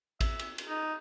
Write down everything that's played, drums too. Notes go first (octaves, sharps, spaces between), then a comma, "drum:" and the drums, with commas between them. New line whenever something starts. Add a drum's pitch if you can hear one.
E5, drum: kick A1, cymbal
drum: cymbal
drum: cymbal
D#4